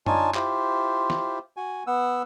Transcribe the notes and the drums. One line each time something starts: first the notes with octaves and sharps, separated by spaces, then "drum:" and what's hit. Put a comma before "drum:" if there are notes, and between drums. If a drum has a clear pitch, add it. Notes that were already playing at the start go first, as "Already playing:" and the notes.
D4 D#4 F4 C#5 G#5 A5, drum: tom F#2
E4 F4 G4 C5, drum: clap
drum: snare
F#4 G#5
B3 F#5 E6